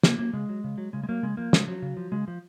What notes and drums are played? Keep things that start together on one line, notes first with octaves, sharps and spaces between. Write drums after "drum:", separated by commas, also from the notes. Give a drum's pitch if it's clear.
C#3 A#3, drum: snare
F#3 A#3
C#3 G#3
F#3
C#3
F#3
C#3 G#3
G#3
F#3 A#3
C#3 G#3
F3 A#3
C#3 G#3, drum: snare
F3 F#3
C#3
F3
C#3 G#3
F3